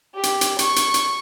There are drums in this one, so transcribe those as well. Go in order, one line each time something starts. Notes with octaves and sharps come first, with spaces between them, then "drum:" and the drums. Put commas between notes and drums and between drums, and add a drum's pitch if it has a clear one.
G4
drum: hi-hat
drum: hi-hat
C#6, drum: hi-hat
drum: hi-hat
drum: hi-hat